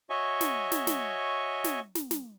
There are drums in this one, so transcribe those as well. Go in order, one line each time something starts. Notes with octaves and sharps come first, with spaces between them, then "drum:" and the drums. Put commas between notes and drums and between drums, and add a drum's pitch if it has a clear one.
F#4 C#5 D#5 E5 G#5 C#6
drum: snare
drum: snare
drum: snare
drum: snare
drum: snare
drum: snare